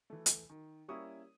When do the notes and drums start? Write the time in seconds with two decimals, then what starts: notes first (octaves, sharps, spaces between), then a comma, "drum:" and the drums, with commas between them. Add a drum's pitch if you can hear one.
0.10 E3 A3
0.26 drum: hi-hat
0.50 D#3
0.88 G3 A#3 C#4 E4 C#6 D#6